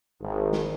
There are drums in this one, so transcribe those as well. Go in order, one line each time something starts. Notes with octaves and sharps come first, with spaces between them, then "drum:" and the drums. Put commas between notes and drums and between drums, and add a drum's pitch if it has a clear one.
G#1
drum: snare